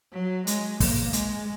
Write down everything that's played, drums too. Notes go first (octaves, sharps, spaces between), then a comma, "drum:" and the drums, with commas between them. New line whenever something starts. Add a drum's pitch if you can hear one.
F#3
G#3, drum: hi-hat
A#3, drum: kick, open hi-hat
G#3, drum: hi-hat